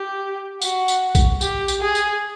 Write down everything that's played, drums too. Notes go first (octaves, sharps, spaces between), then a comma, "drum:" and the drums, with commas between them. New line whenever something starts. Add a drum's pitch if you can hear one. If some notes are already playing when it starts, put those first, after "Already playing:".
Already playing: G4
F#4, drum: tambourine
drum: tambourine
drum: kick A#1, tambourine
G4, drum: tambourine
drum: tambourine
G#4
drum: tambourine